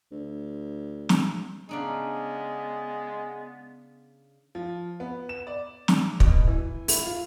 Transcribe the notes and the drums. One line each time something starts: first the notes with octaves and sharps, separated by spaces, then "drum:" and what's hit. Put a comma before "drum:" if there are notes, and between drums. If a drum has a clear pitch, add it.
D2
drum: snare
C#3 G#3 B3 D4 D#4
F3
B3
E7
D5
drum: snare
B2, drum: kick
E3
E4, drum: open hi-hat
F4